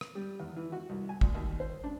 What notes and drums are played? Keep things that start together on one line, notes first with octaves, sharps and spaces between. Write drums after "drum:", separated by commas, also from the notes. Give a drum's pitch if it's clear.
drum: rim click
G3
E2
E3
F#4
C2
G#5
D2, drum: kick
D#2
C5
D4